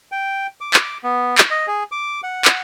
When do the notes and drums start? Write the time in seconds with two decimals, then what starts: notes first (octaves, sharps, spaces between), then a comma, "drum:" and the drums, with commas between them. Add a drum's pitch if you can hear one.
0.12 G5
0.61 D6
0.74 drum: clap
1.04 B3
1.38 drum: clap
1.51 D#5
1.67 G#4
1.92 D6
2.23 F#5
2.45 drum: clap